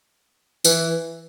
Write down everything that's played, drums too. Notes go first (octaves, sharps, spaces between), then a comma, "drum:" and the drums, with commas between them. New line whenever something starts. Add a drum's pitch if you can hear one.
E3, drum: tambourine